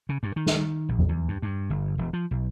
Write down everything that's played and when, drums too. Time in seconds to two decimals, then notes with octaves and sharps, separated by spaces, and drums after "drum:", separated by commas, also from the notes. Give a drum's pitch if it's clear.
0.09 C#3
0.23 G2
0.36 D#3
0.46 drum: snare
0.89 A#1
0.99 drum: tom E2
1.09 E2
1.28 G2
1.42 G2
1.70 G1
1.98 E1
2.13 F3
2.31 B1